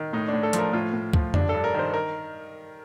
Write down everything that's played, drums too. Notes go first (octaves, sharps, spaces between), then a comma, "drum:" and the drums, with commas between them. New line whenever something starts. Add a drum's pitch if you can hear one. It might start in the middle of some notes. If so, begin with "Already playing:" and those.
Already playing: D#3
A2 D#4
D4
A2
A4
F3, drum: hi-hat
A#4
A2 F4
A2
F3, drum: kick
G2 D4, drum: tom F2
A4
G2
A#4
D#3 C5
A#4